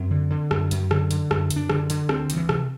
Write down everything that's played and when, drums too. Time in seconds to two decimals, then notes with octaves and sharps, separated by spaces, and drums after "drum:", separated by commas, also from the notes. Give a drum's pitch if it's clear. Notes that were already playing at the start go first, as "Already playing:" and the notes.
Already playing: F#2 C4
0.11 D3
0.30 D3
0.51 F#2, drum: rim click
0.71 F#2, drum: hi-hat
0.91 D3, drum: rim click
1.11 D3, drum: hi-hat
1.31 F#2, drum: rim click
1.50 F#2, drum: hi-hat
1.56 D4
1.70 D3, drum: rim click
1.90 D3, drum: hi-hat
2.09 D2 C4, drum: rim click
2.30 D2, drum: hi-hat
2.36 E3
2.49 C3, drum: rim click